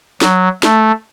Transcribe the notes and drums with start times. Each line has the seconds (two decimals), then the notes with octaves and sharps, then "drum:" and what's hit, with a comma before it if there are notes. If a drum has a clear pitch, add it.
0.21 F#3, drum: snare
0.63 A3, drum: snare